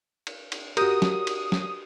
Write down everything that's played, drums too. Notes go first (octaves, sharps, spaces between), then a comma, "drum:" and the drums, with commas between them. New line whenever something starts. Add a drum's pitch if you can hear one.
drum: cymbal
drum: cymbal
F#4 G4 A#4 D#6, drum: cymbal
drum: snare
drum: cymbal
drum: snare